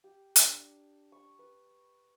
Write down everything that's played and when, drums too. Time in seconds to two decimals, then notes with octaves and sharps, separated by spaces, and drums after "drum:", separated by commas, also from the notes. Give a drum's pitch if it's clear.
0.04 G4
0.36 D4, drum: hi-hat
1.12 C#6
1.39 B4